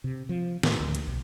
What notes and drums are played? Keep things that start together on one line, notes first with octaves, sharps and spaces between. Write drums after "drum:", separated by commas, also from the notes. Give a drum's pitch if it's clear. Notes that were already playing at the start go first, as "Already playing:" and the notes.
C3
F3
A2, drum: snare
D2
drum: hi-hat
B1